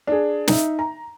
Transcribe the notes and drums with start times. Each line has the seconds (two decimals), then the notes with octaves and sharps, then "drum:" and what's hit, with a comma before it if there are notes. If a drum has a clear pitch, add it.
0.07 D4 G#4
0.48 D#4 E5, drum: snare
0.79 A#5